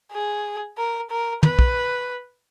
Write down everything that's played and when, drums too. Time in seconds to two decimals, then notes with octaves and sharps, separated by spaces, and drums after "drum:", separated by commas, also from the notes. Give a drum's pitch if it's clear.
0.12 G#4
0.77 A#4
1.10 A#4
1.43 B4, drum: tom
1.59 drum: kick